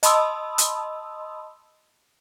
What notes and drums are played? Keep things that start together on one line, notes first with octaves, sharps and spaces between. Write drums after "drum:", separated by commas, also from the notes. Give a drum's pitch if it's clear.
D#5 A5 B5 C6 D#6 E6, drum: hi-hat
drum: hi-hat